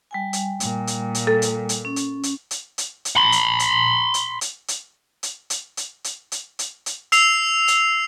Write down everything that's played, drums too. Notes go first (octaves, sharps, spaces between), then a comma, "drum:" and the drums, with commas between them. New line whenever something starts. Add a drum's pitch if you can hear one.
G3 G5 G#5
drum: hi-hat
A#2, drum: hi-hat
drum: hi-hat
drum: hi-hat
A4
drum: hi-hat
drum: hi-hat
C#4
drum: hi-hat
drum: hi-hat
drum: hi-hat
drum: hi-hat
drum: hi-hat
B5 C6
drum: hi-hat
drum: hi-hat
drum: hi-hat
drum: hi-hat
drum: hi-hat
drum: hi-hat
drum: hi-hat
drum: hi-hat
drum: hi-hat
drum: hi-hat
drum: hi-hat
drum: hi-hat
E6 C7 F7, drum: hi-hat
drum: hi-hat